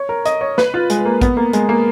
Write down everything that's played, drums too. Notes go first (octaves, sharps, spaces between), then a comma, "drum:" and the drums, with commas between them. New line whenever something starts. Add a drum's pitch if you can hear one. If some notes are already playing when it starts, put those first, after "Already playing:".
Already playing: C#5
A#4
D#5, drum: hi-hat
C#5
B4, drum: snare
F4
G#3, drum: hi-hat
A#3
B3, drum: kick A1, hi-hat
A#3
G#3, drum: hi-hat
A#3